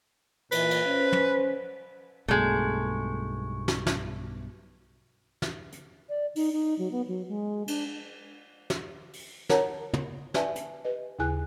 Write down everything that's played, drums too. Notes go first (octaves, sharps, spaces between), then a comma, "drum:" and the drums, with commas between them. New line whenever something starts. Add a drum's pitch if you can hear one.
A#2 E3 B4, drum: cymbal
drum: cymbal
C#4 C5
drum: tom
B1 G2 B2 G#3 A3
drum: snare
drum: snare
drum: snare
drum: hi-hat
D5
D#4, drum: open hi-hat
D#4
F#3
B3
F#3
G#3
D4, drum: cymbal
drum: snare
drum: open hi-hat
A#4 C#5 F#5 A5 A#5, drum: snare
drum: tom
B4 D5 E5 G#5 A5, drum: snare
drum: hi-hat
G4 B4 D#5
D#2 C#3 E4 G#4 G#5 F#6